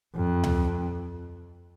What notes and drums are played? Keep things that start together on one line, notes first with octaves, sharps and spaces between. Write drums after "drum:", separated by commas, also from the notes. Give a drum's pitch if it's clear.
F2
drum: tom D2